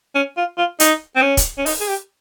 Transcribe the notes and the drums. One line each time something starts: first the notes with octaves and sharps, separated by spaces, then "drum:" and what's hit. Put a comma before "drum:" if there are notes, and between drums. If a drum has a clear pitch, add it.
C#4
F4
F4
D#4, drum: hi-hat
C4
C#4
drum: kick, hi-hat
C#4
D#4, drum: open hi-hat
G#4
G4